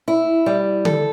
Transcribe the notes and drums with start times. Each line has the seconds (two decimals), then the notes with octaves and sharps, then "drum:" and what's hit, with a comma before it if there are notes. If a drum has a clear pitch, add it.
0.08 E4
0.46 G3
0.85 A4, drum: tom D3